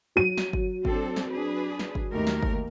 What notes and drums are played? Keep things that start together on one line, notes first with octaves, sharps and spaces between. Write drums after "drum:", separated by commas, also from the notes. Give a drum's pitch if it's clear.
F#3 D#7
drum: snare
drum: kick G1
C4 D4 A4, drum: kick G1
drum: snare
D4 G#4 B4
drum: snare
drum: kick G1
D#2 A3 A#4
drum: snare
drum: kick G1